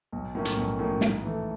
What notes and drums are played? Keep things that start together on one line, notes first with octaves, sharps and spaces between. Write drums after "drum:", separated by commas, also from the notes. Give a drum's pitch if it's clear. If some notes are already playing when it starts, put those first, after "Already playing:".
B1
A2 F3 A#3 C#4
drum: hi-hat
B1
A2 F3 A#3 C#4
G#2, drum: snare
E3 A3